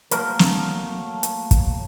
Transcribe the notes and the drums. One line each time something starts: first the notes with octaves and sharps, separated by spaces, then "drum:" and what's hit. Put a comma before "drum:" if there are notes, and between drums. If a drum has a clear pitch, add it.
F#3 A3 A#3 A#4, drum: hi-hat
drum: snare
drum: hi-hat
drum: kick, hi-hat